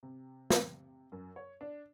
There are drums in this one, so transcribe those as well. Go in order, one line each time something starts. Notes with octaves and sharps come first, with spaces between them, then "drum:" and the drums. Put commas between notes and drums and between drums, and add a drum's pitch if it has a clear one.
C3
drum: snare
F#2
C#5
D4